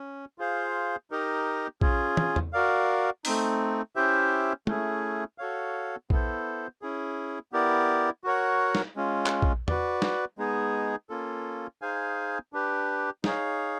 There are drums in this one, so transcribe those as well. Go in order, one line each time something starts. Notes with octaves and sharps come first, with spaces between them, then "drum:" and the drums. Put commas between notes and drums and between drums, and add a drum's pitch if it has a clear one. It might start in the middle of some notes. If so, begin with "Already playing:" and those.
Already playing: C#4
F4 G#4 C5 F5
D#4 G4 A#4 D#5
C#4 F4 G#4, drum: kick A#1
drum: tom
drum: tom
F#4 A#4 D5 F5
A3 C4 D#4, drum: open hi-hat
C#4 E4 G4 C5 E5
A3 C#4 E4 G#4, drum: tom
F#4 A4 C#5 F5
B3 E4 A4 C5, drum: kick A#1
C#4 E4 G#4
B3 E4 G4 A#4 D5
F#4 A#4 C#5 F#5
drum: snare
G#3 C#4 F4
drum: clap
drum: kick A#1
F#4 B4 D5, drum: tom
drum: snare
G#3 B3 D#4 G#4
A#3 C#4 F4 A4
D#4 G#4 C5 F5 G#5
D4 G4 B4
D#4 G#4 C#5 F5, drum: snare